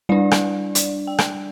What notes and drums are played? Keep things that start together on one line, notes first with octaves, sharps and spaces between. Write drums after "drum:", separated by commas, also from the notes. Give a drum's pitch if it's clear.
G3 D4 D5
drum: rim click
drum: hi-hat
G5
drum: rim click